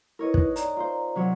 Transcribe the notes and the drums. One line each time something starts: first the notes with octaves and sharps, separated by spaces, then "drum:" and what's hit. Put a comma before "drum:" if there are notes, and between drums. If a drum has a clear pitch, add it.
E4 A#4 B4 C#5 D#5
D#4 F#6, drum: kick
D5 A#5, drum: hi-hat
F4 C5
C3 F#3 C#5